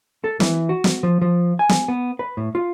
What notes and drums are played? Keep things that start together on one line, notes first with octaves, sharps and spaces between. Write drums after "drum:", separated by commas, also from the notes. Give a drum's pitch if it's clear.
A4
E3, drum: snare
F#4
drum: snare
F3
F3
G#5
drum: snare
B3
B4
A2
F4